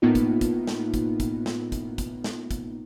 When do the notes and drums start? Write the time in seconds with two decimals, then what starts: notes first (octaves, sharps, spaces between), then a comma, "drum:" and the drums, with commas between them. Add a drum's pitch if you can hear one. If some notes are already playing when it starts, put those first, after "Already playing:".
0.02 A2 A#3 B3 D#4 F4
0.15 drum: kick, hi-hat
0.41 drum: kick, hi-hat
0.67 drum: snare
0.94 drum: kick, hi-hat
1.20 drum: kick, hi-hat
1.46 drum: snare
1.72 drum: kick, hi-hat
1.98 drum: kick, hi-hat
2.24 drum: snare
2.51 drum: kick, hi-hat